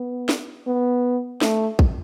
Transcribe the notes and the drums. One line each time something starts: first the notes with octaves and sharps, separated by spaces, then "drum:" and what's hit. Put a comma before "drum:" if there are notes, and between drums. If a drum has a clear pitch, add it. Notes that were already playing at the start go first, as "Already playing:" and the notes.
Already playing: B3
drum: snare
B3
A3, drum: snare
drum: kick A#1